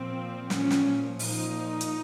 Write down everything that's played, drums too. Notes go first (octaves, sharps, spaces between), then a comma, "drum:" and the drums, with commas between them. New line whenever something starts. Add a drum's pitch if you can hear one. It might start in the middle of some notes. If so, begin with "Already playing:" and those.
Already playing: A#2 F3 C4
A#2 F3 C#4, drum: snare
drum: snare
A#2 F3 D#4, drum: open hi-hat
drum: hi-hat